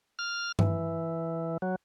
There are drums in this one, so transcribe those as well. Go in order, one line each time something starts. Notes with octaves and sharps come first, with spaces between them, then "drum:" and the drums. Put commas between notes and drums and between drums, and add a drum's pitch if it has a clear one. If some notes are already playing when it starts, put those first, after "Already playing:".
F6
E3, drum: tom G2
F#3